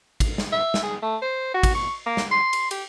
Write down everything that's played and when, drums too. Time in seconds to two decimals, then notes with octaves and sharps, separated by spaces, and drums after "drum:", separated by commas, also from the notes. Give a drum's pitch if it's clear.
0.20 drum: kick, cymbal
0.38 drum: snare
0.52 E5
0.74 drum: snare
0.83 G#4
1.02 A3
1.22 C5
1.54 F#4
1.63 drum: kick, cymbal
1.75 C#6
2.06 A#3
2.17 drum: snare
2.31 C6
2.53 drum: cymbal
2.71 G4, drum: cymbal